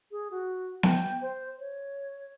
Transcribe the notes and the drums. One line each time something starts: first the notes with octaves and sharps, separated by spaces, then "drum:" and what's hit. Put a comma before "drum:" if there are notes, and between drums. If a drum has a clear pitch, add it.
G#4
F#4
G5, drum: snare B3
C5
C#5